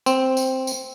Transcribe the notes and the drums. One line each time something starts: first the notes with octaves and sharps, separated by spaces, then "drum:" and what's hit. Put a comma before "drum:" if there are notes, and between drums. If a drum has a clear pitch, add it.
C4, drum: tambourine
drum: tambourine
drum: tambourine